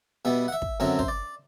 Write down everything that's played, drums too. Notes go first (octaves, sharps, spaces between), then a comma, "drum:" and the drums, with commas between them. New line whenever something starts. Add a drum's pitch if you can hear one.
B2 G3 B3 E5
F#5
E5
drum: kick
F#2 D3 F#3 C4 E5
C5, drum: kick
D5